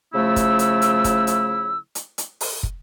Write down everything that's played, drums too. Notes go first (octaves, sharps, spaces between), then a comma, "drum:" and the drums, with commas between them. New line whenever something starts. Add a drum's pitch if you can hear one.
C#3 F3 A3 E4 E6
drum: kick, hi-hat
drum: hi-hat
drum: hi-hat
drum: kick, hi-hat
drum: hi-hat
drum: hi-hat
drum: hi-hat
drum: open hi-hat
drum: kick